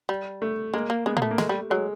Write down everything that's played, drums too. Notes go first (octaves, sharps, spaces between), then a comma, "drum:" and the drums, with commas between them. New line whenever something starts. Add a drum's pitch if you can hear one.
G3
A3
G#3 A#3
A#3
G#3 B3
A#3, drum: tom
A3
A#3
G#3 A3, drum: snare
G3
F#3 G#3